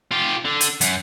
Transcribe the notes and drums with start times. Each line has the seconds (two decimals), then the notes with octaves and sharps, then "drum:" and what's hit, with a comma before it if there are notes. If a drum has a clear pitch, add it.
0.11 F4 G4
0.45 D3
0.61 drum: hi-hat
0.81 F#2, drum: hi-hat